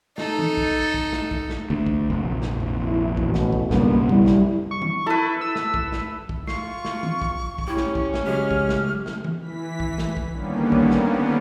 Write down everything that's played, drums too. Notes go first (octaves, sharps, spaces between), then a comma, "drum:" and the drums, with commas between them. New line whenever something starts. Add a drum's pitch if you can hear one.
D#4 A4, drum: snare
drum: tom D#3
drum: kick
drum: kick
drum: snare
drum: kick
drum: snare
D2
drum: kick
F1 A#1
drum: snare
drum: tom F2
E4
A1 B2, drum: kick
drum: snare
drum: kick
B1 F#2 C#3 G3 A#3 B3, drum: snare
G3 E4, drum: kick
drum: snare
C#6
drum: tom D#3
E4 A4 B4
E6
drum: snare
drum: kick
drum: snare
drum: kick
F4 C#6 C7, drum: snare
drum: snare
drum: tom D#3
drum: kick
drum: kick
C#4 E4 G4
drum: snare
drum: kick
drum: snare
C#3 F#3 G#3 G4 F6
drum: kick
drum: snare
drum: snare
drum: tom
E3 B6
drum: kick
drum: snare
drum: kick
D3 D#3 G3 A#3 B3 C#4
drum: kick
drum: snare